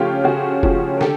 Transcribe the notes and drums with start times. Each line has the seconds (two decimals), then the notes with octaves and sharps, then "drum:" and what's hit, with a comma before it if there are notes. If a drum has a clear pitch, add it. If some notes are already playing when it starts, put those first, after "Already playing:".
Already playing: C#3 F3 A3 C#4 F4 G4
0.24 C#3 F#4 G#4
0.63 F3 A3 C#4, drum: kick F1
0.97 A#4
1.01 D3 G4 A4, drum: snare